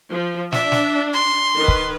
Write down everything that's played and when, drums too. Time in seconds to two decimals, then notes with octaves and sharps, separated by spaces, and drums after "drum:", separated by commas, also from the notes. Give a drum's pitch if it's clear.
0.11 F3
0.52 D4 E5, drum: snare
0.72 drum: snare
1.13 C6
1.57 D#3 B4
1.68 drum: kick